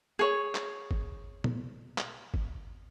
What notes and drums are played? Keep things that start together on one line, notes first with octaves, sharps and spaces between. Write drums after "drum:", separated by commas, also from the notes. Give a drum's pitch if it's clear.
G#4 C#5
drum: clap
drum: kick G1
drum: tom A#2
drum: clap
drum: kick G1